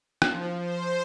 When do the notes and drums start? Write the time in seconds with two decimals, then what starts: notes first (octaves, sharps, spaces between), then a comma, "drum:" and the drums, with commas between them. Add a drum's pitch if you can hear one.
0.22 F3, drum: rim click
0.57 C5